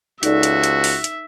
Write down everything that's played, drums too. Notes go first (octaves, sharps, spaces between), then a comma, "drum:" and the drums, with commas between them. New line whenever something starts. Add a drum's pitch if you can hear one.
C#2 D#4 F#4 A4 D5 E5, drum: hi-hat
drum: hi-hat
drum: hi-hat
drum: open hi-hat
drum: hi-hat